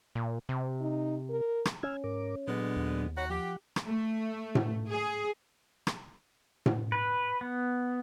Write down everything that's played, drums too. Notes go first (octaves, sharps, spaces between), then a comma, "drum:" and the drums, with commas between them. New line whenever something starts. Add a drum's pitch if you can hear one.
A#2
C3
D#4
A#4
drum: rim click
C#4 E6 F6 G#6
G#2 A#4 D6
A#2 D3 F#3 G#3 B3 D4
D#2
D#4 F#4 C#5 F#5 A#5 B5
F3 G4 F#5
drum: rim click
A3
drum: tom A2
G#4
drum: rim click
drum: tom A2
B4
B3